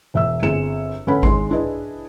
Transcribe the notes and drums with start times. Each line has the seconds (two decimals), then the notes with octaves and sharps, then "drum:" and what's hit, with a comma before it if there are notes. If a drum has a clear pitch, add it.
0.14 E1 E5 E6
0.43 G1 C4 G#4 C#7 E7
1.07 G1 C#4 A4 B4 F#5 B5
1.23 G#1 G#3 C6, drum: kick G#1
1.51 D4 E4 G#4 B4 D#5